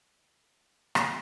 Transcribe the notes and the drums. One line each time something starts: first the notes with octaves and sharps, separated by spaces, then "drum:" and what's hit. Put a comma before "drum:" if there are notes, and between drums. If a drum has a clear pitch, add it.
G3 G4 C5
drum: rim click